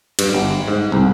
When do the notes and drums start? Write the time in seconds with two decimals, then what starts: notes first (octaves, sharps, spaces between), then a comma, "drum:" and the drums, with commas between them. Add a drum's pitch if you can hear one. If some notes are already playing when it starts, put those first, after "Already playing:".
0.19 G2, drum: cymbal
0.34 G1
0.68 G#2
0.92 C2